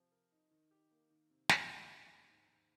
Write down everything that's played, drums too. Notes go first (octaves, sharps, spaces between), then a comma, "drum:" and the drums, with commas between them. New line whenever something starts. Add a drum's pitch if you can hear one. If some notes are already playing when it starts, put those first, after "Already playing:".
Already playing: C3 F3
A#4
D#4
D#3
G4
A#3
D#3
C3
C3, drum: snare
G#3
C#4
D#2
G#2
G#2